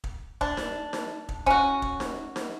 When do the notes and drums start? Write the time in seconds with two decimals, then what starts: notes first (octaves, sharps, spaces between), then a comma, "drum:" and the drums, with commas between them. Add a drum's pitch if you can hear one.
0.04 drum: kick
0.41 D4, drum: kick
0.57 drum: snare D#4
0.93 drum: snare D#4
1.29 drum: kick
1.46 C#4 F#4, drum: kick
1.82 drum: kick
2.00 drum: snare D#4
2.36 drum: snare D#4